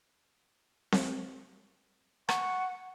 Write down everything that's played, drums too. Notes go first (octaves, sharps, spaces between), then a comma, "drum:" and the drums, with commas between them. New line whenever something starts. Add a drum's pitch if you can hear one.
drum: snare C4
F#5 C#6, drum: rim click